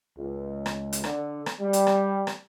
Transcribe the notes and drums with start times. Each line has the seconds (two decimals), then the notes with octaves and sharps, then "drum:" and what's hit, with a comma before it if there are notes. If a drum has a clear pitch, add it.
0.17 C#2
0.66 drum: rim click
0.93 drum: hi-hat
1.04 D3, drum: rim click
1.46 drum: rim click
1.60 G3
1.73 drum: hi-hat
1.87 drum: rim click
2.27 drum: rim click